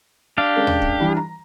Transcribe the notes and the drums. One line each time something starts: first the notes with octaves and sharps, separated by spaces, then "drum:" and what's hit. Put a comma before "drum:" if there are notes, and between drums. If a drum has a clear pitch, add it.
D4 G4 F5
G#3 C#4 A#4
drum: tom D#2
drum: kick
E3 G3
A#5